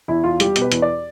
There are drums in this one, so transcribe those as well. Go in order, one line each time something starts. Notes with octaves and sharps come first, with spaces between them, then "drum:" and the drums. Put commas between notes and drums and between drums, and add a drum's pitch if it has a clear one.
E2 E4
E2 F4
G3 G4, drum: hi-hat
B2, drum: hi-hat
B4
E2, drum: hi-hat
D5